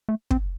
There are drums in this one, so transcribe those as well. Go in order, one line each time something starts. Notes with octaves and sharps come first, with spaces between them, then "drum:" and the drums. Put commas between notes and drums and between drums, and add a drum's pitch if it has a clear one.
A3
C4, drum: kick